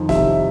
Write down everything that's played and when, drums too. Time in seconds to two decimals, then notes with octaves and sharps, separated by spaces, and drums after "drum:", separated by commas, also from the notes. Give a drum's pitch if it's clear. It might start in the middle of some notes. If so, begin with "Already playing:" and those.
Already playing: F2 D#3
0.09 C3 E5, drum: snare